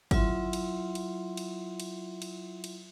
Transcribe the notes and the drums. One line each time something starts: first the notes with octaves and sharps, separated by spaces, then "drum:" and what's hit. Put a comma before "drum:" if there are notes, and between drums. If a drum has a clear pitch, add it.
F#3 E4 F4 E5 C6, drum: kick G#1, cymbal
drum: cymbal
drum: cymbal
drum: cymbal
drum: cymbal
drum: cymbal
drum: cymbal